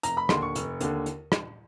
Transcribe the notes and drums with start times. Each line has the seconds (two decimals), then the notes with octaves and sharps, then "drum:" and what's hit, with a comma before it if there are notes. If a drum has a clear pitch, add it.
0.03 F1 A#5, drum: hi-hat
0.17 B5
0.29 D#2 D3 C6, drum: rim click
0.42 C#6
0.55 F1, drum: hi-hat
0.81 D#2 D3, drum: hi-hat
1.06 drum: hi-hat
1.32 drum: rim click